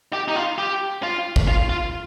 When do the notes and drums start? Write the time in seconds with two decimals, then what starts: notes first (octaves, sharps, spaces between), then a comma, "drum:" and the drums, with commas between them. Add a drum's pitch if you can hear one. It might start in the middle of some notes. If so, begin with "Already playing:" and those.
0.13 G4
0.28 D#4
0.36 F4
0.58 G4
1.03 F4
1.36 drum: kick
1.48 F4
1.69 F4